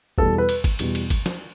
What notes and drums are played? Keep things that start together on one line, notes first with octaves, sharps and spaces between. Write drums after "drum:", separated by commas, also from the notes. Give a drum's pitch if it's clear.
E2 B2 G3 A4, drum: kick G1
B4
drum: cymbal
drum: kick G1, cymbal
E2 B2 G3, drum: cymbal
drum: cymbal
drum: kick G1, cymbal
drum: snare